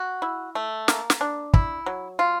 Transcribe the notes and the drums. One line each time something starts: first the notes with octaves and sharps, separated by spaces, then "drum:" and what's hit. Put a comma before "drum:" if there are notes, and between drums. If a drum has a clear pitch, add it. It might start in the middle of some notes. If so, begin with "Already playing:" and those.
Already playing: F#4
E4
A3
A#3, drum: snare
drum: snare
D4
E4, drum: kick
F#3
F4